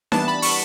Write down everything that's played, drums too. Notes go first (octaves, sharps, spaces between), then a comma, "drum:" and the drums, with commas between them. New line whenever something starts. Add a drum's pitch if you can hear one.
E3 G3 B3 D4 A5, drum: snare D#4
B5
C#6, drum: open hi-hat